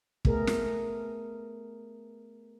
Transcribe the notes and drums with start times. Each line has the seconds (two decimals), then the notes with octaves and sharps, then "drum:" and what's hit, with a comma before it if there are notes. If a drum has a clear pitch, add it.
0.25 A3 B3 G#4 A#4, drum: kick
0.47 drum: snare